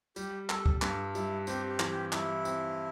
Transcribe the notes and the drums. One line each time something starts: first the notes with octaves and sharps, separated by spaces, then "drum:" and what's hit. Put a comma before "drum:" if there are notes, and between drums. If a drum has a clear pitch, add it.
G3 G4, drum: tambourine
G3 A4, drum: clap
drum: kick
G2 A4, drum: clap
G3 E4, drum: tambourine
C4 G4, drum: tambourine
G4
E3, drum: clap
G4
G3 E4, drum: clap
C4, drum: tambourine